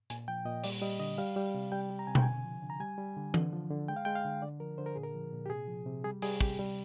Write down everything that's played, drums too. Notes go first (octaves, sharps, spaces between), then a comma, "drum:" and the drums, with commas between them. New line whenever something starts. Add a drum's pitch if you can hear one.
A#2 G#5, drum: hi-hat
F3 G5
A#2 D#5
G3 D5, drum: open hi-hat
G3 D#5
D3 D#5
G3 F5
G3
C3
G3 G5
G3
A#5
C3 G#5
G5, drum: tom B2
D3 G#5
F3
D3
A#5
G3 G#5
G3
D3
D3, drum: tom E3
F3
D3
G#3 G5
F5
G#3 G5
F5
D3
D3 D5
F3 A#4
D3 C5
A#4
A#2 G#4
A#4
F3
A#2
G4
C3 G#4
F3
C3
G3 G#4
G3 G#4, drum: open hi-hat
C3 G4, drum: kick
G3